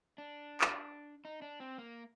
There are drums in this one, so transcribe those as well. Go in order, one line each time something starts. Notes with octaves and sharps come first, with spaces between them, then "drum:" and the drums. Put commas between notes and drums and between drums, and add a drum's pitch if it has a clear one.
D4
drum: clap
D#4
D4
C4
A#3